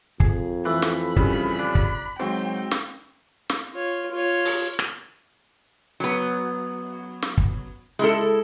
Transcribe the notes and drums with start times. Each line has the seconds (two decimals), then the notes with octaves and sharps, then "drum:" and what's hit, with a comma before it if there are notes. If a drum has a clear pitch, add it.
0.20 F2 G#4, drum: kick
0.65 E3 A3 B5 F#6
0.82 drum: snare
1.16 C#3 G3 C#4, drum: kick
1.59 D4
1.75 drum: kick
2.20 G#2 F#3 C4 G5 C#6
2.71 drum: snare
3.50 drum: snare
3.74 F4 C#5
4.11 F4 C#5
4.45 drum: open hi-hat
4.79 drum: rim click
6.00 F#3 B3
7.22 drum: snare
7.38 drum: kick
7.99 G#3 E4 A4